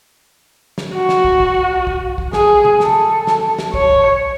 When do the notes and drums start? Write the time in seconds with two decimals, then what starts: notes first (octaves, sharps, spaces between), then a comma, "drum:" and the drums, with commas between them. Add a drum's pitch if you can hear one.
0.78 drum: snare
0.94 F#4
1.09 drum: snare
1.25 drum: kick
1.40 drum: kick
1.87 drum: kick
2.18 drum: kick
2.33 G#4, drum: snare
2.65 drum: tom C3
2.80 A4, drum: snare
3.27 drum: snare
3.59 drum: snare
3.74 C#5, drum: kick
3.90 drum: kick